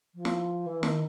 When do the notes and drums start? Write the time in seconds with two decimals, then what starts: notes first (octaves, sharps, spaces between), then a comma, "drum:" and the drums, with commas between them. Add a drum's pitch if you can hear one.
0.14 F3
0.25 drum: snare
0.66 E3
0.83 D#3, drum: snare